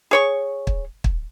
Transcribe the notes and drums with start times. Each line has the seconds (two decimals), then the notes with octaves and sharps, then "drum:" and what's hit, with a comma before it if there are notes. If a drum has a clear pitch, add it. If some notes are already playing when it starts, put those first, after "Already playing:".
0.11 G#4 C#5 C#6
0.67 drum: kick
1.04 drum: kick